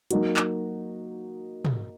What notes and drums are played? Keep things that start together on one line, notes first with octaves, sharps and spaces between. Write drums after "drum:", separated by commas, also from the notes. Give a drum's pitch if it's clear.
F#3 A#3 D#4 F#4, drum: hi-hat
drum: clap
drum: tom